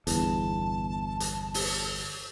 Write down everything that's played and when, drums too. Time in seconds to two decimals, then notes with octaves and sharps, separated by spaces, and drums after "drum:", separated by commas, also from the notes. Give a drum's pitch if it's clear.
0.07 G1 E2 A5, drum: hi-hat
1.20 drum: hi-hat
1.54 drum: open hi-hat